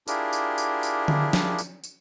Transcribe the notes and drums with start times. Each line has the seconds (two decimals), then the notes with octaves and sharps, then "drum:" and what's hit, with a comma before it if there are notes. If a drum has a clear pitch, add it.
0.08 D4 E4 F4 G4 G#4 A#4, drum: tambourine
0.33 drum: tambourine
0.58 drum: tambourine
0.83 drum: tambourine
1.08 drum: tom D3
1.33 drum: snare
1.58 drum: tambourine
1.84 drum: tambourine